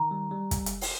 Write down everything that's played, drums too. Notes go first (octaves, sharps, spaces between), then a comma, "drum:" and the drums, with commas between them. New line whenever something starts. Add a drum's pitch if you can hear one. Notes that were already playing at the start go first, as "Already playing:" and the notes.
Already playing: D#3 A#5
G3
G3
drum: kick, hi-hat
drum: hi-hat
drum: open hi-hat